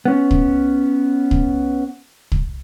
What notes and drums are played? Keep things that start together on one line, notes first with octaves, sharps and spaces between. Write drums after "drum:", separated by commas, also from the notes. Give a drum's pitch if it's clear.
B3 C#4
drum: kick
drum: kick
drum: kick